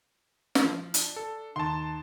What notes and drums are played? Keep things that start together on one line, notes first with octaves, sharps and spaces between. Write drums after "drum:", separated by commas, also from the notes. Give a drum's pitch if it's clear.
drum: snare
F3
D4, drum: hi-hat
A4
D#2 A5 C6